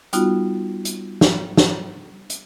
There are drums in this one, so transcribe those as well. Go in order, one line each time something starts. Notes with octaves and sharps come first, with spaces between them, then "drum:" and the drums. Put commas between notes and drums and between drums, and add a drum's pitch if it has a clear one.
G3 B3 D#4 F4 F#4, drum: hi-hat
drum: hi-hat
drum: snare
drum: snare
drum: hi-hat